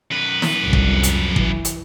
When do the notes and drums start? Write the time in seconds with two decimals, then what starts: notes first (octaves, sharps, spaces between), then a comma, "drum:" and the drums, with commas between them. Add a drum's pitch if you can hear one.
0.12 F#2 B4
0.42 drum: snare
0.60 G1 C2 F2
0.73 drum: kick
1.03 drum: hi-hat
1.36 E3, drum: kick
1.65 drum: hi-hat